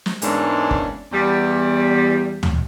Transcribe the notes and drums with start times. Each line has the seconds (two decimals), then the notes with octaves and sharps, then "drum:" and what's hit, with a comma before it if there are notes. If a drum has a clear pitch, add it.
0.06 drum: snare
0.22 E2 G#2 G#3 A#3 C#4 D4, drum: hi-hat
0.71 drum: kick G1
1.12 E2 G3
2.43 drum: tom